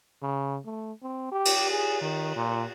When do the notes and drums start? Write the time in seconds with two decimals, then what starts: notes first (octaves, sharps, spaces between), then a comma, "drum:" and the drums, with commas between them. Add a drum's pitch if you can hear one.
0.22 C#3
0.66 A3
1.02 C4
1.32 G4
1.45 drum: cymbal
1.71 G#4
2.01 D#3
2.36 A#2